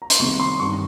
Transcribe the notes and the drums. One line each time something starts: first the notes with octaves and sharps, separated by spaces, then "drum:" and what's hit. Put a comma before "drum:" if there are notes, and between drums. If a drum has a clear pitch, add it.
A#5
C6, drum: hi-hat
C2 C3 D#3 G#3 C#6
C6
G2 D#3 G3 C#6